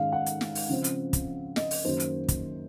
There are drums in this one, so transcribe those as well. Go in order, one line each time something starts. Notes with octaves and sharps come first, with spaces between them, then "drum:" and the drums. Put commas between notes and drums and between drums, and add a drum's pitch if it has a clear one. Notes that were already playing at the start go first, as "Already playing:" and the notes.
Already playing: G#2 D#3 G#3 C#4 F5
F#5
drum: hi-hat
drum: snare
drum: open hi-hat
C#3 F3 C4
drum: hi-hat
drum: kick, hi-hat
D#5, drum: snare
drum: open hi-hat
F#2 D#3 F#3 A#3 C#4 C5
drum: hi-hat
drum: kick, hi-hat